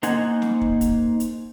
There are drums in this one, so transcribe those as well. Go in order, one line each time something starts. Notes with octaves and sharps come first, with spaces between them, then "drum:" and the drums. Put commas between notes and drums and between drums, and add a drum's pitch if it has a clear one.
A#3 D#4 C5 F#5 G#5, drum: hi-hat
drum: snare
drum: kick
drum: kick, hi-hat
drum: hi-hat